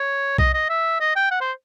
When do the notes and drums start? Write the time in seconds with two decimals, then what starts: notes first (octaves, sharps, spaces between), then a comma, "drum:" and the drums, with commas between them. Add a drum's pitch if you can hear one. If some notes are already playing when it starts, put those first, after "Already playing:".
Already playing: C#5
0.38 D#5, drum: kick B1
0.54 D#5
0.69 E5
1.00 D#5
1.16 G5
1.31 F#5
1.41 C5